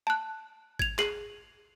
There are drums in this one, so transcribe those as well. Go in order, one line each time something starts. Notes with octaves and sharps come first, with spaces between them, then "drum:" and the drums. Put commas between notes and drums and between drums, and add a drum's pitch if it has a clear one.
A5 F#6
G#6 F7, drum: kick G#1
G#4 C7 F#7, drum: clap